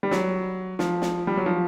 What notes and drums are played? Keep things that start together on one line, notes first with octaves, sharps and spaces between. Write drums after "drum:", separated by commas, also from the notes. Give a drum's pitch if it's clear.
G3
F#3, drum: snare
F3, drum: snare
drum: snare
G3
F#3
F3